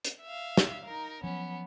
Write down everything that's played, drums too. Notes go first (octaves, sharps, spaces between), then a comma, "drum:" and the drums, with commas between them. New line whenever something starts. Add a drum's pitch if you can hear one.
drum: hi-hat
E5 F5
drum: snare
D#4 A#4
F3 F#3 B3 C#4